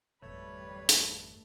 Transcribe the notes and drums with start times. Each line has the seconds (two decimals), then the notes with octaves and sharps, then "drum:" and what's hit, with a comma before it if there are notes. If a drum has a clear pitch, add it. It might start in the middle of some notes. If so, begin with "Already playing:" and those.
0.22 G#1 F2 B2 G3 A3 B4 C#5
0.89 drum: hi-hat